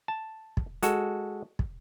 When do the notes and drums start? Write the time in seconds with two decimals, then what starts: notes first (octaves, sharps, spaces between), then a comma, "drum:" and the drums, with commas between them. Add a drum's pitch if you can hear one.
0.08 A5
0.57 drum: kick
0.83 G#3 F#4 A4, drum: hi-hat
1.59 drum: kick